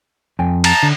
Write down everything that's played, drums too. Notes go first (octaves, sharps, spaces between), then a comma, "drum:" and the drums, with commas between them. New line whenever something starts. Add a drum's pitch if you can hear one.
F2 G5 G#5
A5 A#5, drum: cymbal
D3